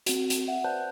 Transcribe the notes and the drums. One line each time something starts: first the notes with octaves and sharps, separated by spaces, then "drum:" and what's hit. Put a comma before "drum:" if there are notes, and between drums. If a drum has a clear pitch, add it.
C4 F#4, drum: hi-hat
drum: hi-hat
E5 F#5
B4 C5 D5 A5 F#6 G6